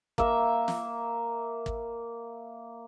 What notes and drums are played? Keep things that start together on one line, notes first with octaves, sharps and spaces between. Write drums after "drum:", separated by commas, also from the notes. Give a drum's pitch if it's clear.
A#3 E5, drum: kick
drum: snare
drum: kick